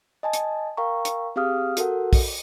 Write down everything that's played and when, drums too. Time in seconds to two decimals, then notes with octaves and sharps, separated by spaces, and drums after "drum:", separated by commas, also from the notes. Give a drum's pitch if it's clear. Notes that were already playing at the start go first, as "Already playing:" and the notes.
0.23 D#5 G#5 A5
0.33 drum: hi-hat
0.77 A#4 F5 G5 A#5 C#6
1.05 drum: hi-hat
1.36 C4 G4 G#4 F5 D#6 F6
1.77 F#4 A4 A#4 F#5, drum: hi-hat
2.13 drum: kick, open hi-hat